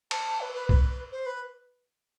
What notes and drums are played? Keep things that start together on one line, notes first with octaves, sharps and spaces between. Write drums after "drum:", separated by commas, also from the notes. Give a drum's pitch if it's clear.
A5, drum: cymbal
B4
B4
B4, drum: kick
C5
B4